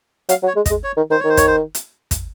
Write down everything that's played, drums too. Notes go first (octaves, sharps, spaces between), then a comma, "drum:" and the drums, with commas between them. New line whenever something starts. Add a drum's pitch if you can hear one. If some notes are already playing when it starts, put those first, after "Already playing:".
F#3 F5, drum: hi-hat
F#3
C#5
G#3
D#5, drum: kick, hi-hat
G#3
C#5
D#3
D#3 C5
C#5
D#3
C5
C#5, drum: kick, hi-hat
C5
drum: hi-hat
drum: kick, hi-hat